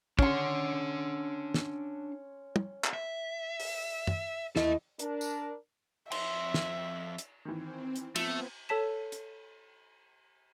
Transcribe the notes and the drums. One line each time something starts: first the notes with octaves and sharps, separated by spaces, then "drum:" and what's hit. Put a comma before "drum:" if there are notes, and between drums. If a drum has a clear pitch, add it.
C#4 D4 F#5 C6, drum: kick
drum: snare
drum: tom
drum: clap
E5
drum: open hi-hat
drum: tom
D#2 E4 A4 D#5 E5, drum: snare
D4 A#4, drum: hi-hat
drum: tambourine
F2 E5 C6, drum: cymbal
drum: snare
drum: hi-hat
D#3 E3 C4
drum: hi-hat
F3 A3 B3 C4 G#6, drum: cymbal
A4 C#5 A5 B6 E7
drum: hi-hat